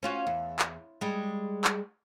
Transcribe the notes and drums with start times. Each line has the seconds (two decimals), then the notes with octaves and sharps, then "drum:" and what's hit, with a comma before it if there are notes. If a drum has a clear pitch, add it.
0.03 C#4 F4 F#4
0.27 E2
0.59 drum: clap
1.01 G3 G#3
1.64 drum: clap